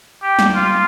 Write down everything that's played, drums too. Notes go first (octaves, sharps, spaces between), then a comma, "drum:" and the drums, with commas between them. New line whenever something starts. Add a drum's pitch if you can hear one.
G4
drum: snare
F4